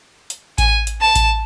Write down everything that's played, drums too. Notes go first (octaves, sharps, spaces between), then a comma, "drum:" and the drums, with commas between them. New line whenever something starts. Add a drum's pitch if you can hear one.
drum: hi-hat
G#5, drum: kick A1, hi-hat
drum: hi-hat
A5
drum: kick A1, hi-hat